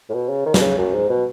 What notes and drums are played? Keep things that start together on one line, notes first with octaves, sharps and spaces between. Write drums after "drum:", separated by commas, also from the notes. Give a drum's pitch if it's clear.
A2
B2
C#3
D#3
B2, drum: snare
C#3
F#2
G#2
B2